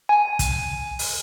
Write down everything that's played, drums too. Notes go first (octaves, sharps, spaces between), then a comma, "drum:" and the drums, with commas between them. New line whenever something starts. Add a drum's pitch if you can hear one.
G#5
drum: kick, hi-hat
drum: open hi-hat